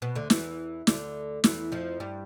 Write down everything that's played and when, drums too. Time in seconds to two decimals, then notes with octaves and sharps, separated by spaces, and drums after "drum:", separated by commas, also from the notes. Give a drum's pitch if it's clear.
0.02 B2 B3
0.15 D2 D3
0.30 E2 E3, drum: snare
0.87 D2 D3, drum: snare
1.44 E2 E3, drum: snare
1.72 F2 F3
2.00 G2 G3